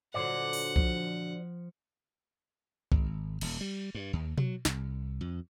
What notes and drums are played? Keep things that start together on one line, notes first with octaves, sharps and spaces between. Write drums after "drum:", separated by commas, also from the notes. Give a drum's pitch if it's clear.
A#2 D3 F#3 C5 D5 F#5
drum: open hi-hat
F3, drum: kick B1
G#1, drum: kick B1
D#1, drum: cymbal
G3
G2
D#2
F#3, drum: tom B2
C2, drum: snare
F2